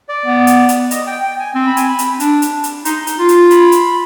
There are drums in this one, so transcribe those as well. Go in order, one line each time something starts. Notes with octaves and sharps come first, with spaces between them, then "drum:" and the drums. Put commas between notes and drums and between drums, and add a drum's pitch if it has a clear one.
D5
B3
drum: hi-hat
drum: hi-hat
D#5, drum: hi-hat
G5
G5
G#5
C4 C6
B5
G#5, drum: hi-hat
B5
drum: hi-hat
D4, drum: hi-hat
drum: hi-hat
drum: hi-hat
D#4 C6, drum: hi-hat
drum: hi-hat
F4
drum: hi-hat
B5, drum: hi-hat
drum: hi-hat